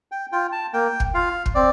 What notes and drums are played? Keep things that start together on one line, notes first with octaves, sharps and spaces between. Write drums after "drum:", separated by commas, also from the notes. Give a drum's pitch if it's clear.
G5
F4 G5
A5
A#3 G5
drum: kick
F4 F5
drum: kick
C4 D5